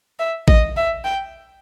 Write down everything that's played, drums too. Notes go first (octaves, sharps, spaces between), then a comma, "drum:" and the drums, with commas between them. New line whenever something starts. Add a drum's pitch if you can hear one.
E5
D#5, drum: kick A1
E5
G5